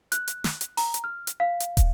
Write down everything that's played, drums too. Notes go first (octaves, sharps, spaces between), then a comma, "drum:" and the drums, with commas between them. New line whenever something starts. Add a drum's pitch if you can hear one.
F#6, drum: hi-hat
drum: hi-hat
drum: snare
drum: hi-hat
A#5, drum: open hi-hat
drum: hi-hat
F6
drum: hi-hat
F5
drum: hi-hat
drum: kick, hi-hat